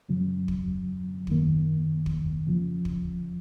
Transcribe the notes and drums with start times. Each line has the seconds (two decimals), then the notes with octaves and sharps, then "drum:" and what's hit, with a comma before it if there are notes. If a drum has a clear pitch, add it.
0.09 F#2 C#3 F#3
0.48 drum: kick
1.27 F#2 D#3 A#3, drum: kick
2.06 drum: kick
2.45 F2 C#3 F3
2.85 drum: kick